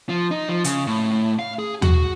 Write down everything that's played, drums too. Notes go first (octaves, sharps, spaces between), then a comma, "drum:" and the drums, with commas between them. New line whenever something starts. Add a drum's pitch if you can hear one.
F3
D#4
F3
C#3, drum: hi-hat
A2
F5
G#4
F#4, drum: tom